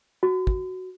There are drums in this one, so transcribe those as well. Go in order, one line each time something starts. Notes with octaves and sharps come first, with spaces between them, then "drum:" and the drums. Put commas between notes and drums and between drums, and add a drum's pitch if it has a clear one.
F#4
drum: kick